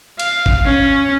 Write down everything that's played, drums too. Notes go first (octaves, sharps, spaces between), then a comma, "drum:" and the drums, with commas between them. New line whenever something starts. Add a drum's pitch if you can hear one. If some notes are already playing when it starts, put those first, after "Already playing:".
F5, drum: cymbal
drum: kick
C#4